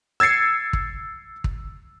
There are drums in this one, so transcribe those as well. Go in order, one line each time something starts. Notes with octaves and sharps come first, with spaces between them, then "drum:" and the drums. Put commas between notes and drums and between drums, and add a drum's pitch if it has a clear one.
E6 G#6 A6 C7 C#7
drum: kick
drum: kick